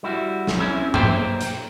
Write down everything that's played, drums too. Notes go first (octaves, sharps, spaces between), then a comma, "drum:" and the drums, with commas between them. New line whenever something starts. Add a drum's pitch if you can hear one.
G3 E4 F#4
drum: snare
C4 C#4 E4
B1 A#3 C5 E5 G5 C6, drum: tom G2
drum: hi-hat